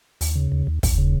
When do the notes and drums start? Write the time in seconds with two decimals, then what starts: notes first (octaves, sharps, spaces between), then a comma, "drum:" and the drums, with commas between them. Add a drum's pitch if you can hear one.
0.21 D#2, drum: open hi-hat
0.36 C#3
0.52 D#2
0.67 D#2
0.83 D#2, drum: kick, open hi-hat
0.98 C#3